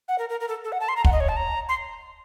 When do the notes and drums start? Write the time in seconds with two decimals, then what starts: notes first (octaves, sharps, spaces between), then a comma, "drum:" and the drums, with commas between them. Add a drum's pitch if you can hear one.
0.08 F#5
0.18 A#4
0.29 A#4
0.40 A#4
0.48 A4
0.64 A4
0.72 F#5
0.80 A5
0.88 C6
0.96 A#5
1.05 F#5, drum: kick
1.12 D#5
1.20 C#5
1.29 A5
1.37 A#5
1.69 C6